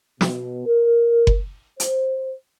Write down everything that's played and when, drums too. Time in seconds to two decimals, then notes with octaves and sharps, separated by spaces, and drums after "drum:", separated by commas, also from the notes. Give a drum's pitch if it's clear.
0.21 B2, drum: snare
0.66 A#4
1.27 drum: kick F#1
1.80 C5, drum: hi-hat